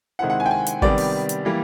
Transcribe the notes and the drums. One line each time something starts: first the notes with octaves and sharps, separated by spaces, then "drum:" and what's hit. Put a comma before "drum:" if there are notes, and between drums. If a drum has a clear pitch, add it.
C3 D#3 G#3 C4 E4 F#5
F#5
G#5
G5
G#5
drum: hi-hat
C3 D#3 G3 B3 D5, drum: kick
drum: open hi-hat
drum: hi-hat
E3 G3 A#3